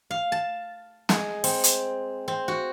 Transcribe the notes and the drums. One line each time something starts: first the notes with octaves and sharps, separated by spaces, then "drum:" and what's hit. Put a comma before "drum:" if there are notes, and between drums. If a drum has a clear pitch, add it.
F5
A5
G#3, drum: snare
C4, drum: open hi-hat
drum: hi-hat
C4
F#4